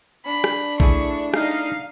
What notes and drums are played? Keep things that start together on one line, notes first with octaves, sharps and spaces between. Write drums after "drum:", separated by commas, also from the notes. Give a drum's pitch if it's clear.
D4 B5
drum: rim click
A3 E4 G#4 C#6, drum: kick A#1, hi-hat
D#4 D#5 F5, drum: rim click
drum: hi-hat